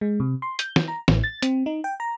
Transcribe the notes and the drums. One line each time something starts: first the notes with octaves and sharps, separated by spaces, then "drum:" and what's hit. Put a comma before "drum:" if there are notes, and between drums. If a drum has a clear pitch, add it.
G#3
C3
C6
G6, drum: hi-hat
drum: snare
A#5
A1, drum: snare
A6
C4, drum: hi-hat
D#4
G5
A#5